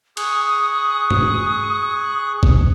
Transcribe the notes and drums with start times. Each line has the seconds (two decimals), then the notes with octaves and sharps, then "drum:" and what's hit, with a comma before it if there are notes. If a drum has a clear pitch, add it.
0.17 G#4 C#6 D#6 F#6, drum: cymbal
1.10 drum: tom G2
2.43 drum: kick